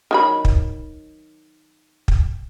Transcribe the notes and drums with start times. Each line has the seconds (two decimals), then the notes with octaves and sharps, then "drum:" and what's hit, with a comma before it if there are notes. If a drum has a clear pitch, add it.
0.11 D#3 F#3 B5
0.45 drum: kick
2.08 drum: kick